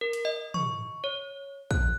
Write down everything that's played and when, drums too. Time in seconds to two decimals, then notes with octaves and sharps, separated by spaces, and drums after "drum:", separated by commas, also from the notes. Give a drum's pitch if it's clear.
0.01 A#4
0.13 drum: hi-hat
0.25 D#5
0.54 C#6, drum: tom
1.04 C#5
1.71 F#6, drum: kick